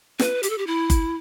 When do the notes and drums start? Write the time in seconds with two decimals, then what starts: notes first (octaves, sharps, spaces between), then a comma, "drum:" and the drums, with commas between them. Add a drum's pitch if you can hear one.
0.19 B4, drum: snare
0.43 G4, drum: hi-hat
0.50 A4
0.58 G4
0.67 E4
0.90 drum: kick F#1, hi-hat